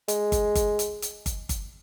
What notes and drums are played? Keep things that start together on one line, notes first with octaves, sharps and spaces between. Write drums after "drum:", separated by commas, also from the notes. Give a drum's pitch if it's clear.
G#3, drum: hi-hat
drum: kick G1, hi-hat
drum: kick G1, hi-hat
drum: hi-hat
drum: hi-hat
drum: kick G1, hi-hat
drum: kick G1, hi-hat